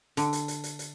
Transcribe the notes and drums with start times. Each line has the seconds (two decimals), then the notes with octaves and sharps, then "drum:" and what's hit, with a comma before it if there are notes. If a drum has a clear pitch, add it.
0.17 D3, drum: hi-hat
0.33 drum: hi-hat
0.48 drum: hi-hat
0.64 drum: hi-hat
0.79 drum: hi-hat